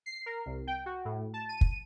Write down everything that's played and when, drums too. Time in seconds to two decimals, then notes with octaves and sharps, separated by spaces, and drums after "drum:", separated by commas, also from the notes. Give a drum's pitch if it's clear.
0.06 C7
0.26 A#4
0.46 C2
0.67 G5
0.86 F#4
1.05 A2
1.34 A5
1.49 D#7
1.61 drum: kick